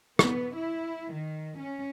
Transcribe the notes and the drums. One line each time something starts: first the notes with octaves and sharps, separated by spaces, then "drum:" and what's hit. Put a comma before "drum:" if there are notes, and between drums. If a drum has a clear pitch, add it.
B3, drum: rim click
E4
D#3
C#4